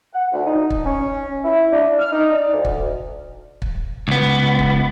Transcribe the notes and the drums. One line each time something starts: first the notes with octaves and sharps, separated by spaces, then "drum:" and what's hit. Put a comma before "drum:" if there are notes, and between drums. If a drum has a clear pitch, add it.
F#5
D2
D#4
drum: kick
C#4
E4
D4
F6
D#4
D5
D2
drum: kick
drum: kick
C#2 B3
drum: kick